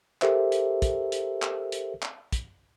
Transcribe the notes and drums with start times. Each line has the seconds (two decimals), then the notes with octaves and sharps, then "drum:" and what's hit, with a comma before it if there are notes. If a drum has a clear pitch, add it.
0.22 G4 A4 A#4 C5 E5, drum: clap
0.52 drum: hi-hat
0.82 drum: kick, hi-hat
1.12 drum: hi-hat
1.42 drum: clap
1.72 drum: hi-hat
2.02 drum: clap
2.32 drum: kick, hi-hat